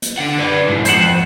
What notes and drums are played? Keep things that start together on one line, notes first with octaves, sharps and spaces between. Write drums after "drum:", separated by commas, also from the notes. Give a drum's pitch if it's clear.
drum: hi-hat
D3 F#5
B4 D5
G#2 E3
F2 C5 F#5, drum: hi-hat